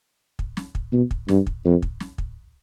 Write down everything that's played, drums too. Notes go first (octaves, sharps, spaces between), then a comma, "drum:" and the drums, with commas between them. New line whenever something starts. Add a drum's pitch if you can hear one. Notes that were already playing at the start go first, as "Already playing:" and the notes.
drum: kick
drum: snare
drum: kick
B2
drum: kick
G2, drum: snare
drum: kick
F2
drum: kick
drum: snare
drum: kick